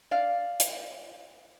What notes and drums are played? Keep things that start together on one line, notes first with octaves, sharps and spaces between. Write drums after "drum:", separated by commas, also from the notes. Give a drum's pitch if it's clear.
D5 F5
drum: hi-hat